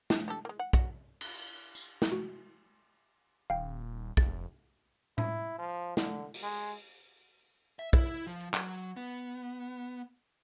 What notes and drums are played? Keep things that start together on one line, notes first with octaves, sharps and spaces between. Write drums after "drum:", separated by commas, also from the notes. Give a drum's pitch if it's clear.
D4 G4, drum: snare
D4 G4 A4
G#3 A#3
F#5
F#4, drum: kick
drum: cymbal
drum: tambourine
drum: snare
F#4
D#1 F5 G5
F1 A6, drum: kick
E4, drum: tom A2
F3
D3, drum: snare
drum: open hi-hat
G#3
E5
E4, drum: kick
F3
F#3, drum: clap
B3